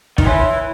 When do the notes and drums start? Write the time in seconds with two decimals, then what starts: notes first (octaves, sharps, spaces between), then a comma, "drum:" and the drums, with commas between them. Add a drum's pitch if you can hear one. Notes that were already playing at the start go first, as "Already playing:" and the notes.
0.18 D#3, drum: kick
0.26 E3 C#5 E5 G#5 C6